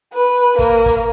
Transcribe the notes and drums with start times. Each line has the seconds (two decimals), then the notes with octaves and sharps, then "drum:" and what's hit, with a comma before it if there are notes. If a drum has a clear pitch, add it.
0.13 B4
0.59 A#3, drum: kick, hi-hat
0.86 drum: kick, hi-hat